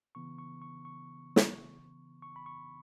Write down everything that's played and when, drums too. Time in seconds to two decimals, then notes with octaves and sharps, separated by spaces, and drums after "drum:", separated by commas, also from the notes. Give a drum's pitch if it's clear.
0.15 C#3 E3 B3 C#6
0.39 C#6
0.62 C#6
0.85 C#6
1.36 drum: snare
2.22 C#6
2.36 B5
2.46 C#6